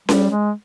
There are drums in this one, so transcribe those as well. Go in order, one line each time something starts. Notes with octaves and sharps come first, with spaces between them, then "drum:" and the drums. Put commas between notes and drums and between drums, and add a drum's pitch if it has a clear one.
G3, drum: snare C#4
G#3